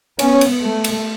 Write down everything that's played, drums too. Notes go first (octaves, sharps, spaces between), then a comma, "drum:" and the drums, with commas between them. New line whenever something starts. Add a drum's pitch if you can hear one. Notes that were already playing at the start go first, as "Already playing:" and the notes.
B3 C#4, drum: cymbal
drum: cymbal
A3
drum: cymbal